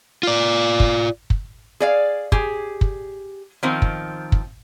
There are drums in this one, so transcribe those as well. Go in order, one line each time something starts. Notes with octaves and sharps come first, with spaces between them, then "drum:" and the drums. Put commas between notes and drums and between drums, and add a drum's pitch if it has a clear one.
F4 D5
drum: kick
drum: kick
G#4 D5 F5
G4 G#4, drum: kick
drum: kick
D#3 F3 C4
drum: kick
drum: kick